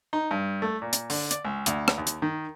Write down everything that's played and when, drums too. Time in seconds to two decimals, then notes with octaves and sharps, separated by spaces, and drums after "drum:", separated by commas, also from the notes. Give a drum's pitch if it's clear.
0.13 D#4
0.31 G2
0.62 A3
0.82 A#2
0.93 drum: hi-hat
1.10 D3, drum: open hi-hat
1.31 D5, drum: hi-hat
1.45 C#2
1.66 D2, drum: hi-hat
1.88 drum: rim click
1.98 D#2
2.07 drum: hi-hat
2.22 D#3